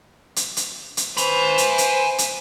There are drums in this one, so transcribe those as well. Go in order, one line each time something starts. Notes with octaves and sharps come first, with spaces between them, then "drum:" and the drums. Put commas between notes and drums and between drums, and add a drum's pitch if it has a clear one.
drum: hi-hat
drum: hi-hat
drum: hi-hat
B4 C5 G#5 B5, drum: hi-hat
drum: hi-hat
drum: hi-hat
drum: hi-hat